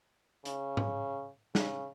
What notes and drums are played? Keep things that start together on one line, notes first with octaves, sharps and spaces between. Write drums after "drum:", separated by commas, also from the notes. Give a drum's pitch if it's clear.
C#3, drum: hi-hat
drum: tom G#2
C#3, drum: snare